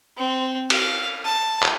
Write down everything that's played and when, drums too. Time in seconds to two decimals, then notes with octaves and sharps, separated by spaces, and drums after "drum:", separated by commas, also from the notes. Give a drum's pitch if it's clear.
0.17 C4
0.70 F5, drum: cymbal
1.25 A5
1.63 drum: clap